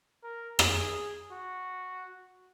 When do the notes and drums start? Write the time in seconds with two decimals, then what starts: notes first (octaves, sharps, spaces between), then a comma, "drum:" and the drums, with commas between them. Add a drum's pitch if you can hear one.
0.23 A#4
0.59 G#4, drum: rim click
1.31 F#4